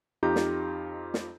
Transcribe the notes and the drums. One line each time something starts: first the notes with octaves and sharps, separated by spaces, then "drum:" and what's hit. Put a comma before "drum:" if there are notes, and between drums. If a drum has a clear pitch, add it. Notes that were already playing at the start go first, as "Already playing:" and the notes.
F2 D#4 F4 G4 A#5 G6
drum: snare
drum: snare